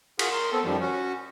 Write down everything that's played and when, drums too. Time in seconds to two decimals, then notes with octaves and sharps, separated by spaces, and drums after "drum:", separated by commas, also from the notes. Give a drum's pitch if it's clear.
0.19 F4 F#4 G#4 A#4 F#5, drum: cymbal
0.31 A#4 C6
0.52 B3 C4 A4
0.64 F#2 D#3 F3 G3
0.80 C#4 F#4